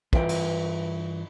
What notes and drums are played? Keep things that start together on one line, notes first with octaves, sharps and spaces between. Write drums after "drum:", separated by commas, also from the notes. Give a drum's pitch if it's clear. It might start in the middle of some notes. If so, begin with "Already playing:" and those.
G2 E3 F4 B4 E5 G5, drum: kick
drum: cymbal